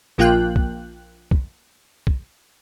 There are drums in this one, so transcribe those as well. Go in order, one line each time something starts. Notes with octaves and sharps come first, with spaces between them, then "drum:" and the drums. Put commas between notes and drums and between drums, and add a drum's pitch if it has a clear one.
A#1 F3 A#3 F4 G5 F#6
drum: kick
drum: kick
drum: kick